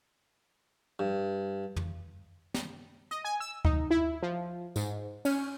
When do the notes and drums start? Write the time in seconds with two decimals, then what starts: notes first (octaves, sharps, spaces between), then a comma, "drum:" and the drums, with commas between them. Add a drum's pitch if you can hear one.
0.99 G2
1.76 drum: tom
2.54 drum: snare
3.11 D#5, drum: hi-hat
3.25 G#5
3.40 E6
3.65 D#4, drum: kick D2
3.91 E4
4.22 F3
4.76 G#2, drum: tambourine
5.25 C#4, drum: cymbal